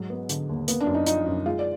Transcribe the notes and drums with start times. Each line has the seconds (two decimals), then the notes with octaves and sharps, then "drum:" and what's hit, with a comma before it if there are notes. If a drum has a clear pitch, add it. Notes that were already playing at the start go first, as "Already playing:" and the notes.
Already playing: G#2 F#3
0.10 B3
0.29 D3, drum: hi-hat
0.49 D#2
0.68 A#3 B3, drum: hi-hat
0.80 D4
0.87 F#2
0.94 D#4
1.06 F3 D#4, drum: hi-hat
1.26 F#2
1.46 G#3 F4
1.59 D5